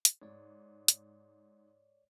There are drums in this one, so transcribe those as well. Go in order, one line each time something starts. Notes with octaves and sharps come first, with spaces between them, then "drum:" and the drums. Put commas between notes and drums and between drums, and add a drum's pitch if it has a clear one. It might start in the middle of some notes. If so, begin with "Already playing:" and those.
drum: hi-hat
G#2 C#5 D5
drum: hi-hat